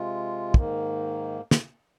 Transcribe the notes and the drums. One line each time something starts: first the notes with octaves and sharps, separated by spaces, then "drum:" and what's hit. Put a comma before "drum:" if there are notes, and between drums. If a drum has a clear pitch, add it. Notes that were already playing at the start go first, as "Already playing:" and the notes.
Already playing: C3 G#3 F4
G#2 D#3 A#3, drum: kick
drum: snare